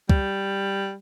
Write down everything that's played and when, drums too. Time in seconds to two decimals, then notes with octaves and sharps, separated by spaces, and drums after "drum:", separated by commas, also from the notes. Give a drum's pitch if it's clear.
0.10 G3, drum: kick